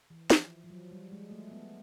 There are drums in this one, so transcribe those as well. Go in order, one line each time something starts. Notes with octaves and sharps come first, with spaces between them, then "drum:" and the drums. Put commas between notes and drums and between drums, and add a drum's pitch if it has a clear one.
E3
F3, drum: snare
F3
F#3
G3
G#3
A3
B3